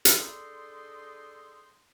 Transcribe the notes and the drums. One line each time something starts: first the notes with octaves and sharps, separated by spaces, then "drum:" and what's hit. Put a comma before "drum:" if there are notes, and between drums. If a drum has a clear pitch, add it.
D4 G#4 A4 C5 D#5 C6, drum: hi-hat